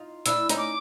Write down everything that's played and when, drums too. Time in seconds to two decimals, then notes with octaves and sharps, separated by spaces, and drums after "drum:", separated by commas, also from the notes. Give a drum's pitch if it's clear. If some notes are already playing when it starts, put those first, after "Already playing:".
Already playing: D#4 F4
0.26 D4 E4 E6, drum: hi-hat
0.49 C#4 D#4, drum: hi-hat
0.57 D6